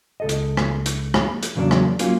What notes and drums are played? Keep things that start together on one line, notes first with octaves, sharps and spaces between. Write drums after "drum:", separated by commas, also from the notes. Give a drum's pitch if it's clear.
C#2 A4 D#5
drum: hi-hat
drum: rim click
drum: hi-hat
drum: rim click
drum: hi-hat
E2 C#3 F#3 A#3 D4
drum: rim click
F#3 A#3 C#4 F4, drum: hi-hat